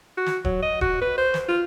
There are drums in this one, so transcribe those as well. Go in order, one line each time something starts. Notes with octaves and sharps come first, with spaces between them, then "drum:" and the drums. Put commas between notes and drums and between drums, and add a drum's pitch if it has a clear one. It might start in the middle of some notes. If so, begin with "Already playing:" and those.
F#4
drum: snare
F#3, drum: kick D#1
D#5
F#4, drum: kick D#1
B4
C5
drum: snare
F4